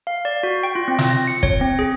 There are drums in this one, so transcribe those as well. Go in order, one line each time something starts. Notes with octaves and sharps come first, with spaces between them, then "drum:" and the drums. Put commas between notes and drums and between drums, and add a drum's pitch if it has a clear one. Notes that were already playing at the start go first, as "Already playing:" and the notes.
F5
D5
F#4
G5
F4
C4
drum: snare
A#6
C#7
C#5, drum: kick
C4
G#4